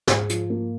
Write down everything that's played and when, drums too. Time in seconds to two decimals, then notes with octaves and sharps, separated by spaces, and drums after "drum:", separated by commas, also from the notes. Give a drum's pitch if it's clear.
0.07 G#2 G#4, drum: snare
0.29 F3, drum: hi-hat
0.50 A#3